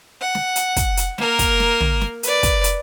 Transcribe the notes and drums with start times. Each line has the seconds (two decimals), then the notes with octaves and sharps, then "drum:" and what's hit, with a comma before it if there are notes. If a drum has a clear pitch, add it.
0.21 F#5
0.35 drum: snare
0.56 drum: hi-hat
0.76 drum: kick, hi-hat
0.97 drum: hi-hat
1.18 A#3 A#4, drum: snare
1.39 drum: kick, hi-hat
1.60 drum: snare
1.81 drum: tom
2.01 drum: snare
2.23 B4 D5, drum: hi-hat
2.43 drum: kick, hi-hat
2.64 drum: hi-hat